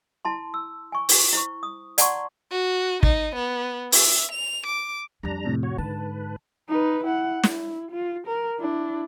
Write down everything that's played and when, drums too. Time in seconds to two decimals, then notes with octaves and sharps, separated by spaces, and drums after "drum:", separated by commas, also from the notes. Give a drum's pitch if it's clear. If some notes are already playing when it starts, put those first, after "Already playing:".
0.25 E4 A5 C6
0.54 E6
0.92 G#5 C#6
1.09 drum: open hi-hat
1.33 E4 C5 C#6
1.63 D#6
1.98 D5 F#5 A5 A#5 C6 C#6, drum: hi-hat
2.51 F#4
3.03 D#4, drum: kick
3.35 B3
3.92 E5, drum: open hi-hat
4.32 F7
4.66 D6
5.23 F2 F3 G3 D4 A#5
5.45 A2 C3
5.63 F#4 C#5
5.78 G#2 D3 B4 A5
6.69 D#4 B4
7.04 E4 F#5
7.44 E4, drum: snare
7.91 F4
8.27 A#4
8.60 D4 E4